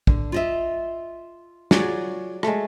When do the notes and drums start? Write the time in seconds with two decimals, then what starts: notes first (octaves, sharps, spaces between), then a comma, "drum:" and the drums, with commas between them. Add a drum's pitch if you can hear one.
0.07 D3, drum: kick
0.32 F4 D#5 E5
1.71 F#3 F4 F#4 G#4 D5, drum: snare
2.43 G#3 A3, drum: rim click